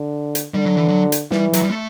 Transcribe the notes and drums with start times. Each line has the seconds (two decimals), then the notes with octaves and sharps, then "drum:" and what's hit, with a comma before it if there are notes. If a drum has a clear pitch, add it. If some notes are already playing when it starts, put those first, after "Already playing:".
Already playing: D3
0.35 drum: hi-hat
0.54 D3 G3
0.66 F#3
0.77 E3
0.88 F#3
1.12 drum: hi-hat
1.31 E3 G3, drum: snare
1.53 F#3, drum: hi-hat
1.62 G3
1.70 A3